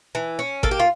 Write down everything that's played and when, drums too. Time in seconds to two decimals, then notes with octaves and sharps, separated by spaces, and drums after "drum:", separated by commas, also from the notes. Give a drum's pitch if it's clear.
0.15 E3
0.39 C#4
0.63 A#3 A4, drum: kick G#1
0.71 G4
0.79 F4